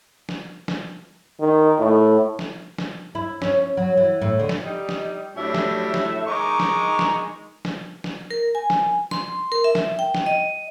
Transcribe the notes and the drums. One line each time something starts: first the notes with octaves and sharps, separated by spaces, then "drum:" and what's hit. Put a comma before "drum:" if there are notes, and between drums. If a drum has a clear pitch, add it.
drum: snare
drum: snare
D#3
A2
drum: snare
drum: snare
E4
C#4, drum: snare
F#3
E3
A2
D3
drum: snare
G3 D#4
drum: snare
A2 F#3 G3 D4 E5
drum: snare
drum: snare
D#3 G#3 D#4 A#5 C#6 D6
drum: snare
drum: snare
drum: snare
drum: snare
A#4
G#5
drum: snare
C6, drum: snare
A#4
E5
drum: snare
G5
drum: snare
D#5